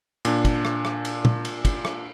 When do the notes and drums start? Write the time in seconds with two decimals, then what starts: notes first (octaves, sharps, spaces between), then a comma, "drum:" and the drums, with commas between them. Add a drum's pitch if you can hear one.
0.25 A#2 D4, drum: cymbal
0.45 drum: kick, cymbal
0.65 drum: rim click
0.85 drum: rim click
1.05 drum: cymbal
1.25 drum: tom
1.45 drum: cymbal
1.65 drum: kick, cymbal
1.85 drum: rim click